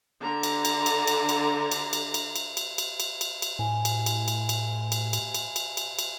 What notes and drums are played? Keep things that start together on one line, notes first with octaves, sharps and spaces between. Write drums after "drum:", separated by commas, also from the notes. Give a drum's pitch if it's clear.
D3 A#5
drum: cymbal
drum: cymbal
drum: cymbal
drum: cymbal
drum: cymbal
drum: cymbal
drum: cymbal
drum: cymbal
drum: cymbal
drum: cymbal
drum: cymbal
drum: cymbal
drum: cymbal
drum: cymbal
A2 G#5
drum: cymbal
drum: cymbal
drum: cymbal
drum: cymbal
drum: cymbal
drum: cymbal
drum: cymbal
drum: cymbal
drum: cymbal
drum: cymbal